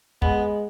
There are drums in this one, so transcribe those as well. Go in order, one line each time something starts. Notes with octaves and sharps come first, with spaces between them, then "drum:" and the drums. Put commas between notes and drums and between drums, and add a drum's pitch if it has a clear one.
G#3 B3, drum: kick